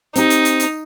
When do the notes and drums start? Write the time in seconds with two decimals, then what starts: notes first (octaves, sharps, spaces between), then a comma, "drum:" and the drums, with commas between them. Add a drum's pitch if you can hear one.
0.16 C4 D#4 G4, drum: hi-hat
0.30 drum: hi-hat
0.45 drum: hi-hat
0.60 drum: hi-hat